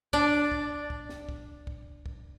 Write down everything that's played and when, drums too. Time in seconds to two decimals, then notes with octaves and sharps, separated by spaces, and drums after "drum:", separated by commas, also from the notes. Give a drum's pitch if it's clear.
0.13 D4 D5, drum: kick
0.52 drum: kick
0.90 drum: kick
1.09 drum: snare
1.29 drum: kick
1.67 drum: kick
2.06 drum: kick